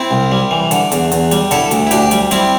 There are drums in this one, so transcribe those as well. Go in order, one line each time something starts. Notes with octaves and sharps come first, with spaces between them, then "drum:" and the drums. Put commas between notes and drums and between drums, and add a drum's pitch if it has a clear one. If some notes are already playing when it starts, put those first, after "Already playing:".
Already playing: C4 E4
C2
G3
E3
D3, drum: hi-hat
E2, drum: hi-hat
E2, drum: hi-hat
G3, drum: hi-hat
D3 E4 A4, drum: hi-hat
D2, drum: hi-hat
E4
D2 D4 G4, drum: hi-hat
G3, drum: hi-hat
G3 C4 E4, drum: hi-hat